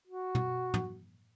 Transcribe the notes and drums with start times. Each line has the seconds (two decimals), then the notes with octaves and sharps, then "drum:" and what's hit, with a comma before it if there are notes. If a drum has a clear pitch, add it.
0.07 F#4
0.35 drum: tom
0.74 drum: tom